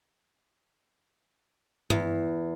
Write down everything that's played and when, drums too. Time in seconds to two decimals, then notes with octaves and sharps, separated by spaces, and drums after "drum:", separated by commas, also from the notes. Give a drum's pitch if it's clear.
1.90 E2, drum: tom G2